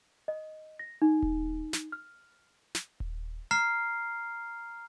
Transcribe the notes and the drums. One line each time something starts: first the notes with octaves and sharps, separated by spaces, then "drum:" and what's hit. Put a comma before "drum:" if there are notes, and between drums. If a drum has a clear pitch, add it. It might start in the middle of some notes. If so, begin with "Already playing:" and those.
D#5
A#6
D#4
drum: kick D#1
drum: snare
F6
drum: snare
drum: kick D#1
A#5 F6 C7